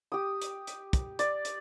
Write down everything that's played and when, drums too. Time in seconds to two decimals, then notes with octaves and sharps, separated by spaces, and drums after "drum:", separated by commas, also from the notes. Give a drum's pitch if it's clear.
0.12 G4 D#6
0.42 drum: hi-hat
0.67 drum: hi-hat
0.93 drum: kick, hi-hat
1.19 D5, drum: hi-hat
1.45 drum: hi-hat